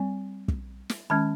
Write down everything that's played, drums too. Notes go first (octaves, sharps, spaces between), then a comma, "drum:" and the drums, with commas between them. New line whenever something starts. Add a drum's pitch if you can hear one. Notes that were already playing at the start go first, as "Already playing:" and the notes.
Already playing: G3 C4 G#5
drum: kick
drum: snare
D#3 G#3 C#4 A5